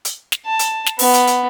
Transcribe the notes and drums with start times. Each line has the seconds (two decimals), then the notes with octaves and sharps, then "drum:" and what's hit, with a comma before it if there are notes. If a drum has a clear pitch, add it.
0.05 drum: hi-hat
0.32 drum: snare
0.46 A5
0.59 drum: hi-hat
0.86 drum: snare
0.99 B3, drum: open hi-hat
1.14 drum: hi-hat
1.27 drum: hi-hat